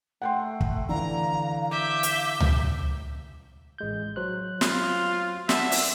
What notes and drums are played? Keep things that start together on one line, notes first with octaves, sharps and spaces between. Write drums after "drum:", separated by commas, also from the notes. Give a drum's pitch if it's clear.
A3 F#5 G5 C6
drum: kick
D3 E3 F5 A#5
E5 D6 G6
drum: hi-hat
drum: tom C#2
A1 G#3 G6
F#3 C5 F#6
F4, drum: snare
D5 E5 F#5 A5, drum: snare
drum: open hi-hat